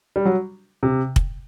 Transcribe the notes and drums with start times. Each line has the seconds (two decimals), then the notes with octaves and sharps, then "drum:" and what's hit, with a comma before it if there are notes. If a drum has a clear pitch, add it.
0.16 G3
0.25 F#3
0.83 C3
1.16 drum: kick